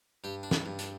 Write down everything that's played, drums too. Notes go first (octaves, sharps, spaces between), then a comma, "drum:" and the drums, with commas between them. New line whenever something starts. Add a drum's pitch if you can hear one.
G2 G4
D4
E4, drum: snare
G2
D4, drum: hi-hat